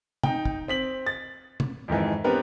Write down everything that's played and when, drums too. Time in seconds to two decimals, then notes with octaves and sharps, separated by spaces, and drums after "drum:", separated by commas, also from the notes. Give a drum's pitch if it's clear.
0.23 D#4 G5, drum: tom
0.45 drum: kick
0.68 C4 B6 F#7
1.06 A6
1.60 drum: tom
1.88 F2 G#2 D#3 E3
2.24 B3 C4 D4 G4 A#4 B4